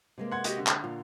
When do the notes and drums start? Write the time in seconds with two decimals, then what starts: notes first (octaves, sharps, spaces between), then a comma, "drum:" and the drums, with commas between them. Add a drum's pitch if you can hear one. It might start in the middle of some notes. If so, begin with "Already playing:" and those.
0.18 C3 G#3 A#3
0.31 F#5 C6 G#6
0.44 F#4 G4 D#5, drum: hi-hat
0.57 D3
0.67 drum: clap
0.84 A#2 F4